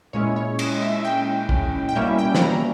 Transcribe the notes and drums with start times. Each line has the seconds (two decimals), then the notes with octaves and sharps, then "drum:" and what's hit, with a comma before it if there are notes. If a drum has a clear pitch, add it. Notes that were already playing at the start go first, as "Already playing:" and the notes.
0.13 A#2 G#3 C#4 E4 C#5
0.36 C#5
0.59 D#5, drum: cymbal
0.82 E5
1.05 G5
1.49 drum: kick
1.89 G5
1.96 B2 G3 A#3 C#4 E4 E5
2.18 G5
2.35 B5, drum: snare
2.42 A#5